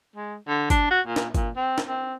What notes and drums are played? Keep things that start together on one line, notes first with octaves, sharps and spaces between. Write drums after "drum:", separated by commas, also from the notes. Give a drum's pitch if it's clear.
G#3
D3
D4, drum: kick, hi-hat
F#4
A#2
drum: snare
A#2, drum: kick, hi-hat
C4
drum: snare
C4